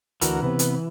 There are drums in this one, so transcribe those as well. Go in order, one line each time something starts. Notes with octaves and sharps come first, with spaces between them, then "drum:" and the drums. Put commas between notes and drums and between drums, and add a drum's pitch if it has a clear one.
D2 E3 F#4 A#4, drum: hi-hat
C3 B3
drum: hi-hat